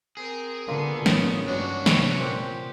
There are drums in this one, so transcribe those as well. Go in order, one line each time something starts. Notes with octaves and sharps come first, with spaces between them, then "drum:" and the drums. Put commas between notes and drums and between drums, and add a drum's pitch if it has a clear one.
C4 G#4 A#4
D3 G#3 A#3 B3 F4
A1 C#3 D#4, drum: snare
G2 F#3 G#3 A#3 C#4 D4 F#4
C3 B4 G#5, drum: snare
A#2 C4 G4